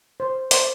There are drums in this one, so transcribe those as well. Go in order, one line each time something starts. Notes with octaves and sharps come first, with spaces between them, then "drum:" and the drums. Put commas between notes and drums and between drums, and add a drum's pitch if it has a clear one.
C5
C5 D5, drum: hi-hat